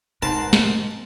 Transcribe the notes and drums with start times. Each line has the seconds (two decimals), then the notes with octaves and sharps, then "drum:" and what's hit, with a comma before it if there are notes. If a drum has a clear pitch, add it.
0.22 G#2 B2 A#4 C5 F#5 A5
0.53 drum: snare